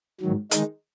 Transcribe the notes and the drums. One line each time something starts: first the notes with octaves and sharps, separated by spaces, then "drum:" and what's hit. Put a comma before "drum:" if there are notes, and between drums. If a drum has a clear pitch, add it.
G#2 D#3 F#3
D#3 G#3 D#4, drum: hi-hat